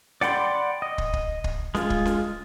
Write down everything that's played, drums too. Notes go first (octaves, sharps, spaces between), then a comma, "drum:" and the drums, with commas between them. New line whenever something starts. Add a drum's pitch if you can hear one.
D5 F#5 G5 B5 C6, drum: snare C#4
D#5
drum: kick
drum: kick
drum: kick
G#3 F4, drum: snare C#4
drum: kick
drum: snare C#4